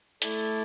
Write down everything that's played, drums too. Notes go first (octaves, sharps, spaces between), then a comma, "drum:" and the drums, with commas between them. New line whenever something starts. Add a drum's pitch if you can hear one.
A3 E4 A4 D5, drum: hi-hat